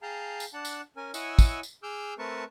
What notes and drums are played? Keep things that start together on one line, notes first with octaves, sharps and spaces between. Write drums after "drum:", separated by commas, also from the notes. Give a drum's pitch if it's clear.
G#4 F5 G5 A5 A#5
drum: tambourine
D4 F#5 A5
drum: tambourine
C#4 A#4 G#5
E4 C#5 D#5 F#5 G#5 E6, drum: tambourine
drum: kick, tambourine
drum: tambourine
G#4 D6 E6 F6 G6
A3 C4 A#4 B4 A5 C#6